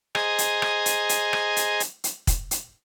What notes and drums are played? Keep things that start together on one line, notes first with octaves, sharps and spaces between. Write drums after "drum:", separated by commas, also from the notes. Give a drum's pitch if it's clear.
G#4 C5 D#5 G#5 A#5, drum: rim click
drum: hi-hat
drum: rim click
drum: hi-hat
drum: hi-hat
drum: rim click
drum: hi-hat
drum: hi-hat
drum: hi-hat
drum: kick, hi-hat
drum: hi-hat